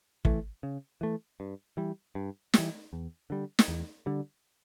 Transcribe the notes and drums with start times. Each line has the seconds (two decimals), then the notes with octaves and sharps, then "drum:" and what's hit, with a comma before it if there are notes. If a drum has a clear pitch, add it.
0.25 E3 A3, drum: kick
0.63 C#3
1.01 E3 A3
1.40 G2
1.77 E3 G3
2.15 G2
2.54 E3 G3, drum: snare
2.93 E2
3.30 D3 G3
3.59 drum: snare
3.68 E2
4.06 D3 G3